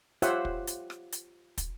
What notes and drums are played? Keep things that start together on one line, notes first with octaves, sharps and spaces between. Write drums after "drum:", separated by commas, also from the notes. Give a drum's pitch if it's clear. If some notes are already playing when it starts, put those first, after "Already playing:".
F4 G4 C5 C#5 E5 F#5, drum: hi-hat
drum: kick
drum: hi-hat
drum: rim click
drum: hi-hat
drum: kick, hi-hat